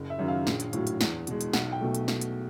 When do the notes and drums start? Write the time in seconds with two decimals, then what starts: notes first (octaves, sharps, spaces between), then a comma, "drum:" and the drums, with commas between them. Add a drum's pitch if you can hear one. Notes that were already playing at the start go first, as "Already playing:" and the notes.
Already playing: F#1
0.10 E5
0.19 F#2 D#3 F#3
0.28 F5
0.47 A#1, drum: snare
0.60 drum: hi-hat
0.73 A2 F#3, drum: hi-hat
0.87 drum: hi-hat
1.01 E2, drum: snare
1.27 B2 G#3, drum: hi-hat
1.41 drum: hi-hat
1.53 B1 F#5, drum: snare
1.72 G5
1.80 B2 F#3 A3
1.95 drum: hi-hat
2.08 drum: snare
2.21 drum: hi-hat